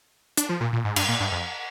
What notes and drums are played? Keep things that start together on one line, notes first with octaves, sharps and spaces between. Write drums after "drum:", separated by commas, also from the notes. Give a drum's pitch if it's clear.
D4, drum: hi-hat
F3
A#2
A#2
G#2
G2, drum: cymbal
A#2
G2
F2